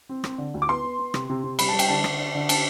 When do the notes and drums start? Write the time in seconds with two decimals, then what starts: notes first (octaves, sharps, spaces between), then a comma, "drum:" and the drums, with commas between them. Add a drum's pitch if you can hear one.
0.09 C4
0.24 C4, drum: rim click
0.38 D3
0.54 D2
0.62 D6
0.69 B3 C6
0.84 B3
0.99 B3
1.14 C3, drum: rim click
1.29 C3
1.44 C3
1.59 G3 B5, drum: cymbal
1.69 G3 A5
1.79 G5, drum: cymbal
1.89 D3 A5
2.04 D3, drum: rim click
2.20 D4
2.35 D3
2.49 D4 A5, drum: cymbal